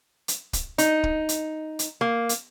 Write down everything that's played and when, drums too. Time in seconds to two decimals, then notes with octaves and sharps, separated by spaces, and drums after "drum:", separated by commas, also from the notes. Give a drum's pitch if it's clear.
0.28 drum: hi-hat
0.53 drum: kick, hi-hat
0.78 D#4, drum: hi-hat
1.04 drum: kick
1.29 drum: hi-hat
1.79 drum: hi-hat
2.01 A#3
2.29 drum: hi-hat